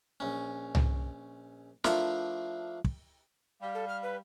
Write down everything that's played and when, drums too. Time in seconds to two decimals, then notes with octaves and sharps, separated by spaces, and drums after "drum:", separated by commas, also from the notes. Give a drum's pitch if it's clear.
0.20 A#1 C#4
0.75 drum: tom C2
1.84 F3 A3 D4 E4 F4 A#4, drum: snare
2.84 drum: kick
3.62 G3 F5
3.75 A4
3.88 F6
4.03 B4